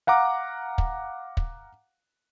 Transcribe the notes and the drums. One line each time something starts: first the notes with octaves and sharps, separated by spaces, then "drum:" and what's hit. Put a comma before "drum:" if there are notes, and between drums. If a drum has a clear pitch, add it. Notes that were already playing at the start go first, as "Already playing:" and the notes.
F5 F#5 A#5 D6
drum: kick
drum: kick